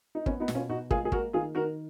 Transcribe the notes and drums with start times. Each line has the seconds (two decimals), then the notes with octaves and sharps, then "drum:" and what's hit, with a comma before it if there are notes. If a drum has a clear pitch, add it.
0.15 D#4
0.26 B3 C#4, drum: kick
0.40 B3 D#4
0.48 B2, drum: snare
0.55 C#4 F4
0.69 B2 D#4 F#4
0.91 G#3 F4 G#4, drum: kick
1.05 G#4
1.12 A#3 F#4 A#4, drum: kick
1.33 D#3 F4 G#4
1.55 D#3 F#4 A#4